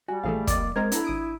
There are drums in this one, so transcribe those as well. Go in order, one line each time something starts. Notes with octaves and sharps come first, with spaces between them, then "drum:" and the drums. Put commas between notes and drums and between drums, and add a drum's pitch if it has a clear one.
G3 F#4 G#5
A#1 E3 A3 G#4 A4 F5
F2 A#3 D5 D#5 D6 A6, drum: kick, hi-hat
G#3 C4 A#4 C5 D#5 G#6
B3 D4 E4 A4 A#5, drum: hi-hat
G#1 D#6 D7